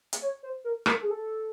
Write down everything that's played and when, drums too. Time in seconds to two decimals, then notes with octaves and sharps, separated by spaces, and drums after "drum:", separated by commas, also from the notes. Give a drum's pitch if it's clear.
0.13 drum: hi-hat
0.22 C#5
0.43 C5
0.64 A#4
0.86 A#4, drum: rim click
0.94 A4
1.03 G#4
1.10 A4